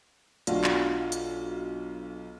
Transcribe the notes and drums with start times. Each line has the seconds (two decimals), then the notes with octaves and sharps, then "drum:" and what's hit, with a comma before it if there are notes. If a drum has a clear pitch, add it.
0.47 B1 D4 F4 F#4, drum: hi-hat
0.64 drum: clap
1.12 drum: hi-hat